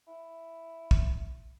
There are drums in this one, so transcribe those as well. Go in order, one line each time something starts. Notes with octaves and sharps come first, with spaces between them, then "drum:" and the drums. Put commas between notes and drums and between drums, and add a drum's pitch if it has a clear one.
E4
drum: kick